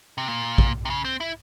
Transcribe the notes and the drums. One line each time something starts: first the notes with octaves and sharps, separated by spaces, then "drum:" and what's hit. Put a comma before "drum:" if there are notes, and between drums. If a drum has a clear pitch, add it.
C3
A#2
drum: kick
C3
C#3
C4
E4